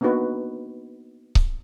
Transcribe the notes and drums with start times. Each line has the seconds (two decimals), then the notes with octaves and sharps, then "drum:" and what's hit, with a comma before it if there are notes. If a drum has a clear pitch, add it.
0.01 A#3 B3 D4 D#4 F#4 B4
1.35 drum: kick C#1